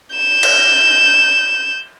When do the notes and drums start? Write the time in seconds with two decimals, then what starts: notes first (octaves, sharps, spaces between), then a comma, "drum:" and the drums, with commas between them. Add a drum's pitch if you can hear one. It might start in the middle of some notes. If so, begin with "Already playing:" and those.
0.16 G6 E7
0.43 drum: cymbal